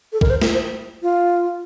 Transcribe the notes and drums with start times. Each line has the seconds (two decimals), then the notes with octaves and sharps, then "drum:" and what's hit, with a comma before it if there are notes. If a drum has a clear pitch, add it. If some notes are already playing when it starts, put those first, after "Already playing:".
0.13 A4
0.21 A#4, drum: kick
0.30 C5
0.42 A#4, drum: snare
0.53 C5
1.02 F4